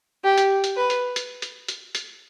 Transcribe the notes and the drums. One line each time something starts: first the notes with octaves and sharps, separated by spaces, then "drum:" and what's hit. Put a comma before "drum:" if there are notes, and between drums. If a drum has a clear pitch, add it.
G4
drum: hi-hat
drum: hi-hat
B4
drum: hi-hat
drum: hi-hat
drum: hi-hat
drum: hi-hat
drum: hi-hat